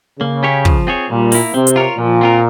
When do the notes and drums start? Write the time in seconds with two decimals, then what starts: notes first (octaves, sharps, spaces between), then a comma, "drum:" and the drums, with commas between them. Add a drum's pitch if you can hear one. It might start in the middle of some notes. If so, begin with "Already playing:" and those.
0.20 C#3 A#3
0.43 C#4 G4 C#5
0.65 F3, drum: kick
0.87 C4 F4 G#4 C#5
1.10 A#2 G3
1.32 A#3 E4, drum: open hi-hat
1.54 C3 C4
1.67 drum: hi-hat
1.76 F4 A#4 C#5
1.98 A#2 F3
2.21 C4 F4 A#4